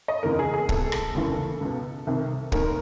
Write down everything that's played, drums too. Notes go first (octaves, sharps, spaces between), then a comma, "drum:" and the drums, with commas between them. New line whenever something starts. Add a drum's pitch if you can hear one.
D#5
F1 D#2 C#3 E3 A#4
G#4
G#4
C2 B2 A4, drum: kick
drum: rim click
F1 D#2 C#3 E3
C#2 B2
C2 C3 D#3
F1 D#2 D#3 A#4, drum: kick